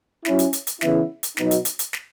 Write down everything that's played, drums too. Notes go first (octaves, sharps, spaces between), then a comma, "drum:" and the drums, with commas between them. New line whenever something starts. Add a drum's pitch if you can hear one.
F#3 C#4 E4, drum: snare
drum: hi-hat
drum: hi-hat
drum: hi-hat
C#3 E3 B3 E4, drum: snare
drum: hi-hat
B2 F#3 B3 D#4, drum: snare
drum: hi-hat
drum: hi-hat
drum: hi-hat
drum: snare